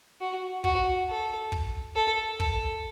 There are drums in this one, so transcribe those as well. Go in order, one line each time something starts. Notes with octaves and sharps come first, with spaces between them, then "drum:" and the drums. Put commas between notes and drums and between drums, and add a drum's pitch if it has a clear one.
F#4
F#4, drum: kick
A4
drum: kick
A4
A4, drum: kick